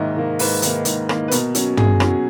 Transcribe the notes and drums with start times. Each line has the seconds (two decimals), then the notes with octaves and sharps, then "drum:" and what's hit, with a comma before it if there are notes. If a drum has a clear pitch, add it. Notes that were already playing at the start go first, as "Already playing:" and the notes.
Already playing: G#2 D#3 A#3 D#5 E5
0.17 D#3 A#3
0.39 G#2 B4, drum: open hi-hat
0.62 D#3 A#3, drum: hi-hat
0.85 G#2, drum: hi-hat
1.09 D#3 A#3, drum: rim click
1.28 B4
1.31 B2 A#4, drum: hi-hat
1.55 F#3 C#4, drum: hi-hat
1.77 B2 G#4, drum: tom
2.00 F#3 C#4, drum: rim click